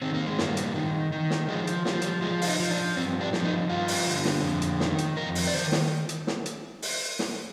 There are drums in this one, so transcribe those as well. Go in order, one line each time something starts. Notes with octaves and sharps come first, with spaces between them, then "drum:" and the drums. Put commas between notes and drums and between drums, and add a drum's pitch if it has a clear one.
D#3 C4
A#3
G#3
G2 A#3, drum: snare
drum: hi-hat
D#3
D#3
drum: snare
F3 G#3
drum: hi-hat
F3 G3, drum: snare
G3, drum: hi-hat
F3 G#3
F4, drum: open hi-hat
D#4
F3
D4
G2 C4
D4
F3, drum: snare
D#4
G2 F4
drum: open hi-hat
D3
drum: snare
F2
drum: hi-hat
D#3, drum: snare
drum: hi-hat
F2 A#4
drum: open hi-hat
D5
D#3 C5
drum: snare
drum: hi-hat
drum: snare
drum: hi-hat
drum: open hi-hat
drum: snare